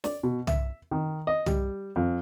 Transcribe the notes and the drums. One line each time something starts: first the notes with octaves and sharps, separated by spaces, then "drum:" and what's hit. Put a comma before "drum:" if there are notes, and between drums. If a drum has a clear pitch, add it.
D5, drum: snare
B2
E5, drum: tom
D#3
D#5
G3, drum: tom
F2